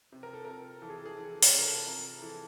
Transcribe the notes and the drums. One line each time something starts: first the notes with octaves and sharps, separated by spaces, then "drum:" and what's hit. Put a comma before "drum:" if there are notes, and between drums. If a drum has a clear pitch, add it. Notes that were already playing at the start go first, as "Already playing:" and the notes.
C3
A#4
A4
C3 A#4
E3 A4
G#4
A4
G#4
E3
A4
drum: open hi-hat
C3 A4
A#4
A4
C3 A#4
E3 A4